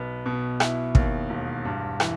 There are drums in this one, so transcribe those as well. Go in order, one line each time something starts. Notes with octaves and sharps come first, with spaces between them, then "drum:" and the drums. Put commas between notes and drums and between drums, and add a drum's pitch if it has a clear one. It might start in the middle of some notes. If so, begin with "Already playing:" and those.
Already playing: B1 B3
B2
E4, drum: rim click
D#2, drum: kick
E1
G2
E3, drum: rim click